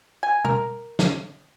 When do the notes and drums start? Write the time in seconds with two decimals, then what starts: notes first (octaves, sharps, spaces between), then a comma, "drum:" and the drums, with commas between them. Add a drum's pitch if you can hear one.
0.23 G#5
0.45 A#4, drum: tom B2
0.99 drum: snare